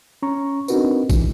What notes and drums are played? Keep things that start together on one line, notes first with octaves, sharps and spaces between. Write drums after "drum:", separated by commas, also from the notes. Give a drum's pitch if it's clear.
C#4 A#5 C#6
C4 D4 D#4 F#4 A#4 B4, drum: tambourine
E3 G#3, drum: kick A1, tambourine